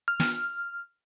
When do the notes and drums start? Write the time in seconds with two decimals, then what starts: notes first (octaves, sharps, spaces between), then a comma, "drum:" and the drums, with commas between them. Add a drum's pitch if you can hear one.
0.08 F6
0.20 drum: snare